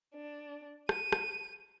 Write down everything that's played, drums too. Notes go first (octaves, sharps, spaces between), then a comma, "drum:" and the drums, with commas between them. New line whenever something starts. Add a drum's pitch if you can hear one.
D4
D#7, drum: rim click
drum: rim click